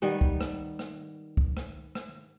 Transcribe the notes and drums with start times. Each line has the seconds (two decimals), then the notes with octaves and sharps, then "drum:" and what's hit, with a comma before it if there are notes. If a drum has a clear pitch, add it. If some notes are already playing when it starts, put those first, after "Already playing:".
0.02 D#3 G3 B3
0.21 drum: kick
0.41 drum: rim click
0.79 drum: rim click
1.37 drum: kick
1.57 drum: rim click
1.95 drum: rim click